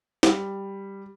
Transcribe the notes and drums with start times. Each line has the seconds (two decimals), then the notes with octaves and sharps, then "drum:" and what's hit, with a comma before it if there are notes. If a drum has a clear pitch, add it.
0.23 G3, drum: snare